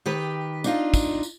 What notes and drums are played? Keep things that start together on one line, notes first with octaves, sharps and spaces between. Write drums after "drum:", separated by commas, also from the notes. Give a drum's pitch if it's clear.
D#3 G4 B4
D4 D#4 F4, drum: tambourine
drum: kick, tambourine
drum: tambourine